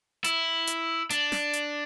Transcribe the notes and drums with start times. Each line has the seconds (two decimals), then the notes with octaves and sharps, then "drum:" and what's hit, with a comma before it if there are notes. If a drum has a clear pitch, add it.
0.24 E4, drum: hi-hat
0.67 drum: hi-hat
1.10 D4, drum: hi-hat
1.32 drum: snare
1.53 drum: hi-hat